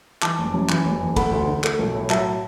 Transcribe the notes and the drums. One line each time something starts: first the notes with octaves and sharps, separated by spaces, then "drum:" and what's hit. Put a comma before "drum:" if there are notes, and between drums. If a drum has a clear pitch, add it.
E3 A5 D6, drum: clap
F#1
F#2
E3, drum: clap
F#1
E2
A3 F#5 B5, drum: kick, cymbal
D2
D3
A3, drum: clap
B1
A2
F#3 E5 A5, drum: clap